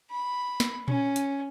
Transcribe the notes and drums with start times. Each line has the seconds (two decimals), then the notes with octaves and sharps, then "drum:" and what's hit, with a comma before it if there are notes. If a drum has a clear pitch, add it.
0.11 B5
0.60 drum: snare
0.88 C#4, drum: tom A#2
1.16 drum: hi-hat